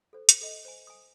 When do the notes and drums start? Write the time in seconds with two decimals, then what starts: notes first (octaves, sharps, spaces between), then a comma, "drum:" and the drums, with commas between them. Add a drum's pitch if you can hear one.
0.13 A4 C5
0.29 drum: hi-hat
0.41 A4 D#5
0.65 C5 G#5
0.87 G#5 D#6